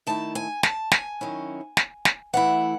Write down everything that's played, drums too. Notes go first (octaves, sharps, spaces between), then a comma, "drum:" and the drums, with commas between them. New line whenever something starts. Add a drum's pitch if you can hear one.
D#3 A3 E4 A5
G#5
A5, drum: snare
G#5, drum: snare
D#3 F#3 C#4 E4
drum: snare
drum: snare
E3 A3 E4 F#5